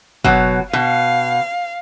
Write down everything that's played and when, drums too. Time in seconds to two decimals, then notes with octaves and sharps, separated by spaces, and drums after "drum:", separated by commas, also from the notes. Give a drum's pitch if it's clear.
0.24 B2 F#3, drum: kick
0.73 B2 F5